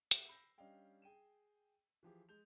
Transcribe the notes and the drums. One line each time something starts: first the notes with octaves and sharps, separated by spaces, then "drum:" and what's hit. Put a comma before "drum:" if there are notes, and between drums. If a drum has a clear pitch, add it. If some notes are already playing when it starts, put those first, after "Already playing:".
G4 A4 E5 F#5, drum: hi-hat
B5 E6 G6 A#6 C7
G3 C#4 D4 D#5 F5 G5
G#4 G5 D#7 E7
E3 F3 G4 G#4
G#3 G6 F7